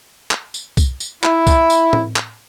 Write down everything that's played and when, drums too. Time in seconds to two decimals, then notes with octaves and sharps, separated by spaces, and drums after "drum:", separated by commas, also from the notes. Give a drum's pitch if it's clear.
0.31 drum: clap
0.54 drum: tambourine
0.77 drum: kick C2, tambourine
1.00 drum: tambourine
1.23 E4, drum: clap
1.47 drum: kick C2, tambourine
1.70 drum: tambourine
1.93 drum: tom A2
2.16 drum: clap